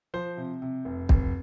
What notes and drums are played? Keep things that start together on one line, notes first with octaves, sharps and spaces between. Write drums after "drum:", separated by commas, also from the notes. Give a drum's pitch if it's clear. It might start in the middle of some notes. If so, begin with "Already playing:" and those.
F3 C5
C3
C3
F1
F1, drum: kick